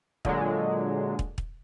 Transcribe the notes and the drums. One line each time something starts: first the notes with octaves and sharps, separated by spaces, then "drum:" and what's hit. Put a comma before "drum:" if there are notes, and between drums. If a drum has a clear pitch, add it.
A#2 D3 F#3 G#3, drum: kick
drum: kick
drum: kick